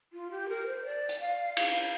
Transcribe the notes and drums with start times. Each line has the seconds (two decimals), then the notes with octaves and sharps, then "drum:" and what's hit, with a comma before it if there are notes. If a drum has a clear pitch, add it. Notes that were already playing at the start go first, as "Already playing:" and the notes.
0.13 F4
0.31 G4
0.49 A#4
0.67 C5
0.85 D5
1.09 drum: hi-hat
1.20 F5
1.57 F5, drum: cymbal